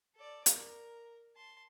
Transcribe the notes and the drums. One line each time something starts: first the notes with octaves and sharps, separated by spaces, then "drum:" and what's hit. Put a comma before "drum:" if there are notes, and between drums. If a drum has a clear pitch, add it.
A4 D5
A#4, drum: hi-hat
A5 C6